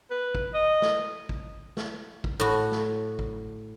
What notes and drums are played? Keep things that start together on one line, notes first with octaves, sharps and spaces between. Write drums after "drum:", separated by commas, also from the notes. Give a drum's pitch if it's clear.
B4
drum: kick
D#5
drum: snare
drum: kick
drum: snare
drum: kick
A2 F#4
drum: snare
drum: kick